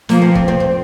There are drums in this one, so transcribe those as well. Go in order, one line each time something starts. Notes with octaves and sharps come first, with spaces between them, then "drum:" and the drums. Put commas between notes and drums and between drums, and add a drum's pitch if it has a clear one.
F3 A#3, drum: snare
C4
C4, drum: kick
C4
C4